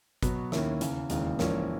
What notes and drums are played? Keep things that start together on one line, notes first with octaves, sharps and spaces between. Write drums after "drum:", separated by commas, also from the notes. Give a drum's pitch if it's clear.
B2 F#3 B3 F#4, drum: kick G#1, hi-hat
D#2 D#3 A#3 C#4 E4, drum: snare
E2 C#3 E3, drum: hi-hat
E1 D#2 C#3 E3, drum: hi-hat
A#1 G#2 E3 A#3 C#4, drum: snare